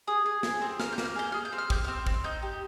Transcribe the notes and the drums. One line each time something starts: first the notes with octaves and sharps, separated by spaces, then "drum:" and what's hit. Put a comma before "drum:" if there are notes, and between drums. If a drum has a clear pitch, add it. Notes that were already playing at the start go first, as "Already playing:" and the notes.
G#4 D#6
G#4
G#4, drum: snare
C4
A#3 F6, drum: snare
G6
A#3, drum: snare
F6
G#4 G6
G#4 F6
G6
C4
F6
G4 G6, drum: kick
C4 F6
C4, drum: kick
F6
D#4 G6
G4